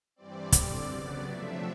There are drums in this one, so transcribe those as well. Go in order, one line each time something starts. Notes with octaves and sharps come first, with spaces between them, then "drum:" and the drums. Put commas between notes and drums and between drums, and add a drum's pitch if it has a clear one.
G2 E3 G3 C4 D5
D3 G3 C4 D5, drum: kick, hi-hat
C#3 F#3 B3 D5
C3 F3 A3 D4 E5